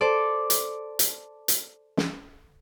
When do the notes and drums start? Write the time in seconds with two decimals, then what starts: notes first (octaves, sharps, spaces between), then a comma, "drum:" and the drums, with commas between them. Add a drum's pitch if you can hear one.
0.01 A4 C5 D5
0.50 drum: hi-hat
0.99 drum: hi-hat
1.48 drum: hi-hat
1.97 drum: snare